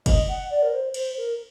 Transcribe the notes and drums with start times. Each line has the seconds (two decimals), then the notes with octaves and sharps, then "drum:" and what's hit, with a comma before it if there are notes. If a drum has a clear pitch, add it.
0.06 D#5, drum: kick, cymbal
0.28 F#5
0.50 D5
0.62 A#4
0.72 C5
0.94 C5, drum: cymbal
1.17 A#4